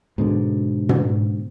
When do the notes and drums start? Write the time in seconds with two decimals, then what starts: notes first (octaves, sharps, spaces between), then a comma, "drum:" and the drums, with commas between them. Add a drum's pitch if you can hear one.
0.18 G#2 B2 D3
0.89 drum: tom